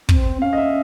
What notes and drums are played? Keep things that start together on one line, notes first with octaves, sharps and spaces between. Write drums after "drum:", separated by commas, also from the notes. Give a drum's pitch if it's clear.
C4, drum: kick
C#4 F5
D#5
E5